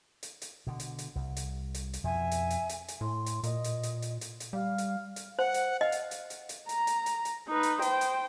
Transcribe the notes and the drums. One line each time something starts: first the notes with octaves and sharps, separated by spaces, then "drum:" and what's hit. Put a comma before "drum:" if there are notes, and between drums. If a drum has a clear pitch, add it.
drum: hi-hat
drum: hi-hat
B2 D3
drum: hi-hat
drum: hi-hat
C2
drum: hi-hat
drum: hi-hat
drum: hi-hat
F2 B2 F3 E5 G#5
drum: hi-hat
drum: hi-hat
drum: hi-hat
drum: hi-hat
A2 C6
drum: hi-hat
A#2 D#5, drum: hi-hat
drum: hi-hat
drum: hi-hat
drum: hi-hat
drum: hi-hat
drum: hi-hat
G3 F5
drum: hi-hat
drum: hi-hat
C5 F#5
drum: hi-hat
D#5 F5
drum: hi-hat
drum: hi-hat
drum: hi-hat
drum: hi-hat
A#5, drum: hi-hat
drum: hi-hat
drum: hi-hat
drum: hi-hat
D#4 B4
drum: hi-hat
C5 G5, drum: hi-hat
drum: hi-hat